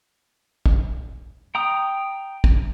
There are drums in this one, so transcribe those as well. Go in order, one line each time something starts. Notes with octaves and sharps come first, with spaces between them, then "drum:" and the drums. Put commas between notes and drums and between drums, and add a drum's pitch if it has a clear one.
drum: kick
G5 A#5 D#6
drum: kick